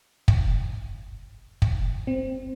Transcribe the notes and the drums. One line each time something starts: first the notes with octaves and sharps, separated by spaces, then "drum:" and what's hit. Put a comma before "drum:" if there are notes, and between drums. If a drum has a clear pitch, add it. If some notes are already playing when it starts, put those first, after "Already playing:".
drum: kick
drum: kick
C4